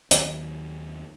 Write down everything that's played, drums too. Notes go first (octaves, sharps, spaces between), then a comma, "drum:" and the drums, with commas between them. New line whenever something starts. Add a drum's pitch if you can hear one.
D#2 D#3 F#3, drum: hi-hat